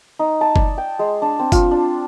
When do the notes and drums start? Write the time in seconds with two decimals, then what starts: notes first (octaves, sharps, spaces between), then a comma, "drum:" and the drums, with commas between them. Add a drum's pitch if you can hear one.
0.19 D#4
0.41 A5
0.56 D5, drum: kick F#1
0.78 G5
0.99 G#3
1.22 D4
1.39 C4
1.52 F4, drum: kick F#1, tambourine
1.71 D4